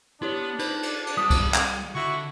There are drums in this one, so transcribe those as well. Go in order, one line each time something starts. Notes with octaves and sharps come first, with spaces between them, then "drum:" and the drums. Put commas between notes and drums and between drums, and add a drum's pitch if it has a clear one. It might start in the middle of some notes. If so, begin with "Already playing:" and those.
B3 D4 E4 G4 C#5
D#4 B4 C5, drum: cymbal
drum: cymbal
drum: cymbal
G3 D#6 B6
drum: kick C2, cymbal
drum: clap
D3 E4 F#4 C#6